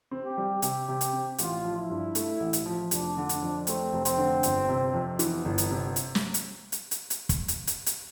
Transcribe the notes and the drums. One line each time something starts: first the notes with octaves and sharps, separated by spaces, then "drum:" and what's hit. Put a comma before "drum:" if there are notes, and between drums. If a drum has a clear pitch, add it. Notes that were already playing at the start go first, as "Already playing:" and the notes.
C4
G4
G3
C3 G4, drum: hi-hat
C3
drum: hi-hat
C4
A1 F4, drum: hi-hat
F3
E4
G2
A3, drum: hi-hat
A1
drum: hi-hat
F3
F1 D4, drum: hi-hat
D3
drum: hi-hat
F2
A3 C4, drum: hi-hat
F1
C4, drum: hi-hat
D3
G1, drum: hi-hat
C3
F2
E3 B3, drum: hi-hat
G1
drum: hi-hat
C3
drum: hi-hat
drum: snare
drum: hi-hat
drum: hi-hat
drum: hi-hat
drum: hi-hat
drum: kick, hi-hat
drum: hi-hat
drum: hi-hat
drum: hi-hat